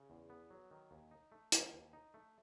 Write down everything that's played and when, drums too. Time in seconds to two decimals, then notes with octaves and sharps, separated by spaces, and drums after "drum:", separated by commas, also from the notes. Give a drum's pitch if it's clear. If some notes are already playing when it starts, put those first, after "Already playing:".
Already playing: C#3
0.10 E2
0.30 B3
0.50 F#3
0.71 D#3
0.91 D#2
1.11 D#4
1.32 A3
1.52 D#3, drum: hi-hat
1.73 D#2
1.93 D#4
2.14 A3